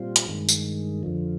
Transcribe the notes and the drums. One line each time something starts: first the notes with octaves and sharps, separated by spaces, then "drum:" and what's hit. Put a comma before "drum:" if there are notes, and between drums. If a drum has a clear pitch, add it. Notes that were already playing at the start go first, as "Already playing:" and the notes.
Already playing: A#2 G3 C4 F4
drum: hi-hat
G2 D#3 G#3
drum: tambourine
F2 D3 F3